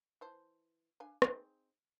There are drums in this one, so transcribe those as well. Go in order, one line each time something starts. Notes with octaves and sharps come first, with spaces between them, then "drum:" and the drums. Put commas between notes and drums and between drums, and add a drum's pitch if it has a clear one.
E3 C5 A5
D4 F5 G#5
C4 D#4 G#4, drum: rim click